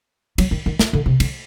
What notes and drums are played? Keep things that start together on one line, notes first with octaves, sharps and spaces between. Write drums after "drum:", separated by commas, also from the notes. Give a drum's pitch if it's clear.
F#3, drum: cymbal
D#3
D#3
F#3, drum: snare
D3
C3
D3, drum: cymbal